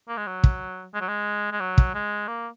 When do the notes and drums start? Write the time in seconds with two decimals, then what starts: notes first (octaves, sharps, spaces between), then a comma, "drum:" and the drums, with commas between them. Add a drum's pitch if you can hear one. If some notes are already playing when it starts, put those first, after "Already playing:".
0.08 A#3
0.17 G#3
0.27 F#3
0.44 drum: kick
0.94 G#3
1.01 F#3
1.08 G#3
1.52 G#3
1.60 F#3
1.78 drum: kick
1.94 G#3
2.28 A#3